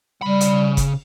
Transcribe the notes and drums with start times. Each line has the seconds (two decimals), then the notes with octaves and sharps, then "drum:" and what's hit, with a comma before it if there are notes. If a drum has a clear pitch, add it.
0.22 C#3 G3 B5
0.41 drum: hi-hat
0.77 drum: kick F#1, hi-hat